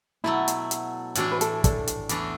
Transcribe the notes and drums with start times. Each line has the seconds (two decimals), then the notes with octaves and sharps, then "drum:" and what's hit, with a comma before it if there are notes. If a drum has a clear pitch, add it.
0.24 B2 F#3 A3 E4
0.48 drum: hi-hat
0.71 drum: hi-hat
1.15 A2 E3 A3 D4 F#4, drum: hi-hat
1.31 B4
1.41 A4, drum: hi-hat
1.64 A4 D5, drum: kick, hi-hat
1.87 drum: hi-hat
2.09 E2 E3 A3 D4, drum: hi-hat